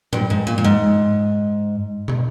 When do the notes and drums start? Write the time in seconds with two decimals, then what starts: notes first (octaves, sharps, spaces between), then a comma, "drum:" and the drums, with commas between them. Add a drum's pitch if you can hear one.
0.13 G2, drum: tom A2
0.30 G#2
0.47 A#2
0.58 A#2
0.64 G#2
2.08 drum: tom